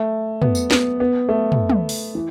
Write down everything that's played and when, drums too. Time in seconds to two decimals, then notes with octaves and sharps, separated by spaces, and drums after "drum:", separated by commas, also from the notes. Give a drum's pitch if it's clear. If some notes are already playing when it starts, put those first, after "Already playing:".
Already playing: A3
0.42 B3, drum: tom
0.55 drum: tambourine
0.71 B3, drum: snare
1.00 B3
1.29 A3
1.52 drum: tom
1.69 drum: tom
1.89 drum: open hi-hat
2.15 E3